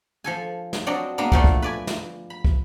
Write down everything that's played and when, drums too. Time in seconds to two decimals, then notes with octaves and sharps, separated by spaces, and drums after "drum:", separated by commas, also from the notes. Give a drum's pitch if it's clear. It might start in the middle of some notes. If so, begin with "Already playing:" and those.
0.24 F3 A4 G#5
0.73 drum: snare
0.86 F#3 C4 D4 D5 D#5
1.18 G#3 A#3 B3 D4
1.32 A#2 F3 A3, drum: kick
1.44 drum: kick
1.62 B4 D5 G#5
1.87 drum: snare
2.30 B5
2.45 drum: kick